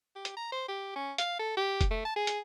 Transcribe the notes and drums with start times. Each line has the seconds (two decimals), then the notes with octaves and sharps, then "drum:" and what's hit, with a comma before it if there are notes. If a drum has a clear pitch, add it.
0.16 G4
0.25 drum: hi-hat
0.37 A#5
0.52 C5
0.68 G4
0.95 C#4
1.18 F5, drum: hi-hat
1.39 A4
1.57 G4
1.81 drum: kick F1, hi-hat
1.91 A3
2.05 A5
2.16 G#4
2.27 drum: hi-hat